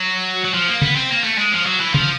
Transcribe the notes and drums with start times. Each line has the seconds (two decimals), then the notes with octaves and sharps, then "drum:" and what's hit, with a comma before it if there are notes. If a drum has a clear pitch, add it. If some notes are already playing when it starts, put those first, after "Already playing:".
Already playing: F#3
0.45 F#3
0.54 F3
0.68 A#3
0.82 B3, drum: tom C3
0.96 C4
1.10 A#3
1.24 A3
1.38 G#3
1.52 F3
1.66 F#3
1.80 E3
1.94 F3, drum: tom C3